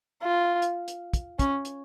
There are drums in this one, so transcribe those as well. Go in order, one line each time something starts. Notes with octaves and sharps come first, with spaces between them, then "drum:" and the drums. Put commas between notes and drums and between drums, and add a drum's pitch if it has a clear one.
F4
drum: hi-hat
drum: hi-hat
drum: kick, hi-hat
C#4, drum: kick, hi-hat
drum: hi-hat